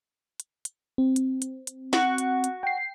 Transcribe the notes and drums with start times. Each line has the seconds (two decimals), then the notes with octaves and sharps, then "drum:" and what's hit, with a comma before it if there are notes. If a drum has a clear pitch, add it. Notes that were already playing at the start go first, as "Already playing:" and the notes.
0.40 drum: hi-hat
0.65 drum: hi-hat
0.98 C4
1.16 drum: hi-hat
1.42 drum: hi-hat
1.67 drum: hi-hat
1.93 F#4, drum: snare
2.18 drum: hi-hat
2.44 drum: hi-hat
2.63 G5 C7